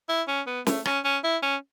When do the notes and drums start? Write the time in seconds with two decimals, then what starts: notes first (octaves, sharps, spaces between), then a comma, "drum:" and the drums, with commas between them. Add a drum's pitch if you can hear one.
0.09 E4
0.28 C#4
0.47 B3
0.66 A3, drum: snare
0.85 C#4, drum: rim click
1.04 C#4
1.24 E4
1.42 C#4